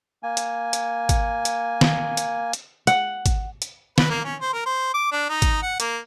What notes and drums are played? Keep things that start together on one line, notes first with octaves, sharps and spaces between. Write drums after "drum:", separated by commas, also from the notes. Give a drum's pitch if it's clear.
A#3 G#5
drum: hi-hat
drum: hi-hat
drum: kick G#1, hi-hat
drum: hi-hat
drum: snare
drum: hi-hat
drum: hi-hat
F#5, drum: hi-hat
drum: kick G#1, hi-hat
drum: hi-hat
B4, drum: snare
A#3
C#4
C5
A#4
C5
D6
D4
D#4
drum: kick G#1, hi-hat
F#5
A#3, drum: hi-hat